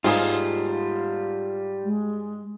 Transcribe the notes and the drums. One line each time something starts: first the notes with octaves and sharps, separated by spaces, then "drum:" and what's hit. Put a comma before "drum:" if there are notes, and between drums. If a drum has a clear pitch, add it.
G#2 G3 F4 G#4 F5, drum: open hi-hat
G#3